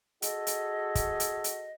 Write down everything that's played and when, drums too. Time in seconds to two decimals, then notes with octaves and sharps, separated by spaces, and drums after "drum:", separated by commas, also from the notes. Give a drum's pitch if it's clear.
0.22 F#4 G#4 A4 D#5, drum: hi-hat
0.47 drum: hi-hat
0.95 drum: kick, hi-hat
1.20 drum: hi-hat
1.44 drum: hi-hat